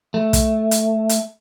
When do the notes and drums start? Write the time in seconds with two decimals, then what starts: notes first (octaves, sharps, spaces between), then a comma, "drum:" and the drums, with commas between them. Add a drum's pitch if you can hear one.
0.14 A3
0.33 drum: kick, hi-hat
0.71 drum: hi-hat
1.09 drum: hi-hat